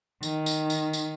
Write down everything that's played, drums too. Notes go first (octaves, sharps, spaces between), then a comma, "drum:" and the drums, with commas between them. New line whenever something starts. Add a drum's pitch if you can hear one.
D#3, drum: tambourine
drum: tambourine
drum: tambourine
drum: tambourine